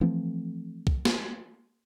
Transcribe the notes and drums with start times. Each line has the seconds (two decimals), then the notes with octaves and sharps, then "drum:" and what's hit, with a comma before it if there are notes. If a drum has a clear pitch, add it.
0.01 E3 F3 A3 C4
0.87 drum: kick C2
1.05 drum: snare